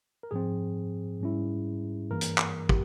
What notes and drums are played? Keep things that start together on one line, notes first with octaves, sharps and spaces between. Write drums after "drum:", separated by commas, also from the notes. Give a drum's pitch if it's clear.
A#4
G#2 F3 C4 G#4
G#2 G3 C#4 E4
G2 E3 A#3 A#4
drum: hi-hat
drum: clap
G4, drum: kick